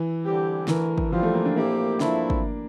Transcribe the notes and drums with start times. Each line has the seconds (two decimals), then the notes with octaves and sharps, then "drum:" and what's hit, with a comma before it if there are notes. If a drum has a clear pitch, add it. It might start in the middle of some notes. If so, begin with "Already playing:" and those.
Already playing: E3
0.24 D3 G3 C4 G4
0.68 D3 E3 A3 E4 A#4, drum: snare
0.98 drum: kick
1.12 D3 F3 G3 C4 F4
1.23 A3
1.34 A#3
1.45 D4
1.56 A#2 A3 A#3 C4 E4 G4
2.00 G2 F3 A3 C4 D4 E4, drum: snare
2.30 drum: kick